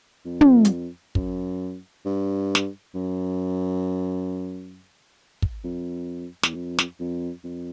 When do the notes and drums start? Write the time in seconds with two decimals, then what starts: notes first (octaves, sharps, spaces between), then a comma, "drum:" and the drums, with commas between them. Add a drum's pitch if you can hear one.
0.25 F2
0.41 drum: tom
0.65 drum: hi-hat
1.15 F#2, drum: kick
2.05 G2
2.55 drum: snare
2.95 F#2
5.42 drum: kick
5.64 F2
6.43 E2, drum: snare
6.54 F2
6.79 drum: snare
7.00 F2
7.44 F2